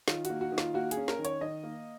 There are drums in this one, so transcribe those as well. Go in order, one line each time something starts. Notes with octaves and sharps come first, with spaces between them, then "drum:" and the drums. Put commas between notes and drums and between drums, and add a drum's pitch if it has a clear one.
D#3 F4, drum: snare
F#4, drum: hi-hat
A#3
F#4
D#3
F4, drum: snare
A#3 F#4
G#4, drum: hi-hat
C#4
A#4, drum: snare
D#3
C#5, drum: hi-hat
D#3 D#5
A#3